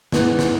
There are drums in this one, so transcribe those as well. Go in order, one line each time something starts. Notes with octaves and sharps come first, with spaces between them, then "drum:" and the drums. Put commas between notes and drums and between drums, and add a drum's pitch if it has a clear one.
G#2 E3 B3, drum: snare
drum: snare